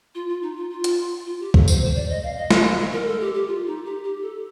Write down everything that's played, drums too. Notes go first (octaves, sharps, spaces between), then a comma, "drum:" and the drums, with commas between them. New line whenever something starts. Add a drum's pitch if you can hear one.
F4
F4
D#4
F4
F4
drum: hi-hat
F4
G4
A4, drum: kick
C5, drum: tambourine
C5
D5
D#5
F5
D#5
drum: snare
A#4
A4
G4
G4
F4
D#4
G4
G4
A4